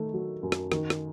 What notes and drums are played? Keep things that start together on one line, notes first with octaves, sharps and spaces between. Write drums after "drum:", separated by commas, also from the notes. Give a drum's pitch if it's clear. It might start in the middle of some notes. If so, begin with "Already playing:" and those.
Already playing: D#3 A3
F#3
F#2
drum: rim click
D#3, drum: rim click
drum: rim click